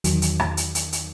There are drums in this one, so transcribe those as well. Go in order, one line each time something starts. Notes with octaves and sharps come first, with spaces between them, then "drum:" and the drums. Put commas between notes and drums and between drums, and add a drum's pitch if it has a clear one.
E2 D#3 F#3, drum: hi-hat
drum: hi-hat
drum: rim click
drum: hi-hat
drum: hi-hat
drum: hi-hat